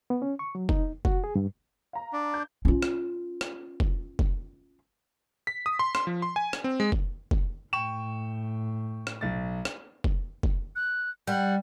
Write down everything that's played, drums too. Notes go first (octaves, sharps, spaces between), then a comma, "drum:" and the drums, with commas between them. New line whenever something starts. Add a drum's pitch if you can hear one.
B3
C#4
C#6
F#3
D#4, drum: kick
F#4, drum: kick
G#4
G2
F5 A#5
D4
G6
C#4 F4
drum: rim click
drum: rim click
drum: kick
drum: kick
B6
D#6
C6
C6, drum: rim click
F3
C6
G#5
drum: rim click
C4
G#3
drum: kick
drum: kick
A2 G5 C#6 E7
drum: rim click
B1 A6
drum: rim click
drum: kick
drum: kick
F#6
G3 F#5